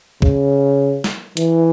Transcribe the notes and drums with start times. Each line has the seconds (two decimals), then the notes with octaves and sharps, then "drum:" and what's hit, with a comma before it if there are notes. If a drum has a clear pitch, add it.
0.22 C#3, drum: kick
1.04 drum: snare
1.37 E3, drum: hi-hat